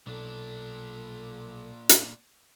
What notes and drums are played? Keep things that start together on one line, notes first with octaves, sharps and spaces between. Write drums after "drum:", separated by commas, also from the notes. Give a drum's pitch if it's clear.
B1 A#2 D4 A4
drum: hi-hat